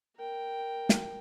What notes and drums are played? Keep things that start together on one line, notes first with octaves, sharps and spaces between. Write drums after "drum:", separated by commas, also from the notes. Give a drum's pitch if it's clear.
A#4 G5
drum: snare